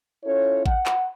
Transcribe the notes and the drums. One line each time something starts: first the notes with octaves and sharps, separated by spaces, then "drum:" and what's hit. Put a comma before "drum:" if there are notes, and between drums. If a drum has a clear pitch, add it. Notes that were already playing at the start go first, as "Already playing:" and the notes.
C#4 E4 F4 A4 C#5
F#5, drum: kick A1
drum: clap